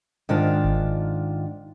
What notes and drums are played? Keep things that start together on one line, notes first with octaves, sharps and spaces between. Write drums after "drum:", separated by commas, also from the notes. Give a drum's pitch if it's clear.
G#2 D#3 D4 F4
drum: kick G1